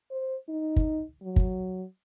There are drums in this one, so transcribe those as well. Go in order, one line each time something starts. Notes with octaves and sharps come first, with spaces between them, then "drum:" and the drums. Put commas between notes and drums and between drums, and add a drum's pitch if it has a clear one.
C5
D#4
drum: kick
F#3
drum: kick